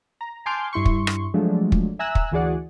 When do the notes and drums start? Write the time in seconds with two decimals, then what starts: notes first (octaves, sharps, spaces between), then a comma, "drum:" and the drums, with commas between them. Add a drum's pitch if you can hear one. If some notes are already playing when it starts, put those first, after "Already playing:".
0.21 A#5
0.46 G#5 A5 C6 D6 F6 G6
0.73 G2 E4 C6 C#6
0.86 drum: kick
1.07 drum: rim click
1.34 F3 F#3 G#3 A3 D4
1.72 drum: kick
1.99 E5 G#5 A#5 E6 F#6
2.15 drum: kick
2.32 D2 E3 F#4 G#4 D5 F#5